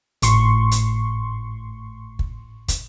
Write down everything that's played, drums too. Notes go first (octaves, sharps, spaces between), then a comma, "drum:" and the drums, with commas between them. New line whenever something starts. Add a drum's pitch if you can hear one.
G#1 A2 C6 C#6, drum: hi-hat
drum: hi-hat
drum: kick
drum: kick, hi-hat